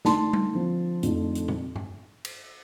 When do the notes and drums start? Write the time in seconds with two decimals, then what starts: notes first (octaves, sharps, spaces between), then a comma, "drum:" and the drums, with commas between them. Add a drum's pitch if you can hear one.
0.05 D3 A3 D#4 A5 C6, drum: snare
0.33 drum: tom G3
0.54 D3 F3 C4
1.03 F2 D3 A3 D#4, drum: hi-hat
1.35 drum: hi-hat
1.48 drum: tom
1.76 drum: tom G2
2.25 drum: cymbal